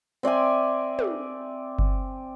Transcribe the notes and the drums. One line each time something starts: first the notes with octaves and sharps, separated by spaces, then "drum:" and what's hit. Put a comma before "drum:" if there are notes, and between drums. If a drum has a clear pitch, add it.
C4 D5 E5 G#5
drum: tom
drum: kick G1